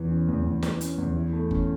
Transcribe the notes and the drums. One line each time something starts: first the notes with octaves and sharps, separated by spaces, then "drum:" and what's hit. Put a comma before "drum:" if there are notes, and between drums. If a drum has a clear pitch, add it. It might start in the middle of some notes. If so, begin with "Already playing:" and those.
Already playing: E2 E3
C#4
E2
E2
E3, drum: snare
C#4, drum: hi-hat
E2
E4
A3
C#4, drum: kick F#1